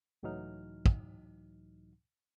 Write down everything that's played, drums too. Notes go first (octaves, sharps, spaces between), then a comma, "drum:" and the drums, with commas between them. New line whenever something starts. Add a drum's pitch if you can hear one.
C#2 A2 E3 F#3 D#4 F6
drum: kick